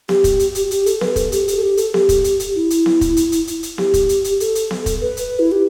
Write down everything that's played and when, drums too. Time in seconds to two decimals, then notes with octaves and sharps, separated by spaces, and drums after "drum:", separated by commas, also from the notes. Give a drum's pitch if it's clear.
0.09 G4, drum: snare B3
0.24 drum: kick, hi-hat
0.39 drum: hi-hat
0.55 drum: hi-hat
0.71 G4, drum: hi-hat
0.86 A4, drum: hi-hat
1.01 B4, drum: snare B3
1.16 A4, drum: kick, hi-hat
1.32 G4, drum: hi-hat
1.48 G4, drum: hi-hat
1.57 A4
1.63 G4
1.77 A4, drum: hi-hat
1.94 G4, drum: snare B3
2.09 drum: kick, hi-hat
2.24 drum: hi-hat
2.40 drum: hi-hat
2.55 E4
2.70 drum: hi-hat
2.86 drum: snare B3
3.01 drum: kick, hi-hat
3.17 drum: hi-hat
3.32 drum: hi-hat
3.47 drum: hi-hat
3.63 drum: hi-hat
3.78 G4, drum: snare B3
3.94 drum: kick, hi-hat
4.09 drum: hi-hat
4.24 drum: hi-hat
4.40 A4, drum: hi-hat
4.55 drum: hi-hat
4.71 drum: snare B3
4.86 drum: kick, hi-hat
5.01 B4
5.17 drum: hi-hat
5.39 E4
5.52 G4